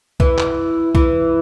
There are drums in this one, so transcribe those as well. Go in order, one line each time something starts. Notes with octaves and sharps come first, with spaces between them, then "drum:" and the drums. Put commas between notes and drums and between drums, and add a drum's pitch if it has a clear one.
E3, drum: kick B1
drum: clap
E3, drum: kick B1